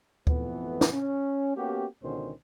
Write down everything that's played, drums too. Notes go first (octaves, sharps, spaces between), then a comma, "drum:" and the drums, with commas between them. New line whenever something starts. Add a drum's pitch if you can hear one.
G#1 F2 E3 A3 B3, drum: kick D2
drum: snare
C#4
A#3 B3 C#4 F#4 G4
C#2 B2 D3 D#3 C#4 C5